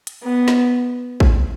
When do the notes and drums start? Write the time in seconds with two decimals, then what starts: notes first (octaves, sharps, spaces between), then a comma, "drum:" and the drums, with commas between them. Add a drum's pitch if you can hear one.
0.07 drum: hi-hat
0.25 B3
0.48 drum: snare
1.20 drum: kick